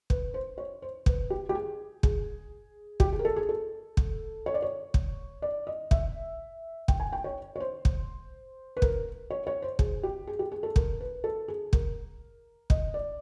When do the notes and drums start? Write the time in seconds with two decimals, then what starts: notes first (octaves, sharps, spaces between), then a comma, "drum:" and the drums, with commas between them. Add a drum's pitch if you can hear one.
0.10 B4, drum: kick
0.34 C5
0.58 C#5
0.82 C5
1.06 B4, drum: kick
1.30 G4
1.49 G4
1.55 G#4
2.03 G#4, drum: kick
3.00 G4, drum: kick
3.13 G#4
3.19 A#4
3.25 A4
3.36 G#4
3.49 A4
3.97 drum: kick
4.46 C#5
4.54 D5
4.62 C#5
4.94 drum: kick
5.42 D5
5.67 D#5
5.91 E5, drum: kick
6.88 G5, drum: kick
7.00 G#5
7.13 G5
7.24 C#5
7.56 C#5
7.60 C5
7.85 drum: kick
8.77 B4
8.82 A#4, drum: kick
9.30 C#5
9.47 C#5
9.62 C5
9.79 G#4, drum: kick
10.03 G4
10.27 G#4
10.39 G4
10.52 G#4
10.63 A4
10.76 A#4, drum: kick
11.01 B4
11.24 A4
11.48 G#4
11.73 A#4, drum: kick
12.70 D#5, drum: kick
12.94 D5